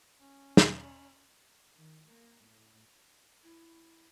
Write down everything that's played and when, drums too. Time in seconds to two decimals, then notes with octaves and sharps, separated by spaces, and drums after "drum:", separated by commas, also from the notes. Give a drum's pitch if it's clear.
0.20 C#4
0.57 drum: snare
1.76 D#3
2.10 A#3
2.44 A2
3.43 E4